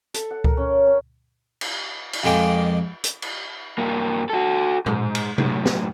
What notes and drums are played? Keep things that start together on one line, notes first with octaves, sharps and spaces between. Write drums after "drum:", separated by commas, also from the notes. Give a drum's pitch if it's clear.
A4, drum: hi-hat
F#5
A#4, drum: kick C#2
C#4
C#4
drum: cymbal
drum: cymbal
F2 G#3 A#3 G5 D6
drum: hi-hat
drum: cymbal
G2 A#3
F#4 A4
G#2, drum: tom A2
drum: cymbal
F#2 A2, drum: tom C3
drum: snare